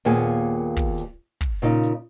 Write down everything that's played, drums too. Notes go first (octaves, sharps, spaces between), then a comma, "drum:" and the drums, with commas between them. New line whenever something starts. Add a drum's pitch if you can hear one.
D#2 A#2 B3 G#4 G#5
drum: kick
drum: hi-hat
drum: kick, hi-hat
A#2 C#3 D#4
drum: hi-hat